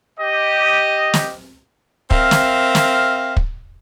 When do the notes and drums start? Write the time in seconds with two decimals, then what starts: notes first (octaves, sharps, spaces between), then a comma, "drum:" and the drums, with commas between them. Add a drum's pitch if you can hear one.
0.19 G4 D#5
1.14 drum: snare
2.11 C4 A#4 E5 F5, drum: kick
2.31 drum: snare
2.75 drum: snare
3.37 drum: kick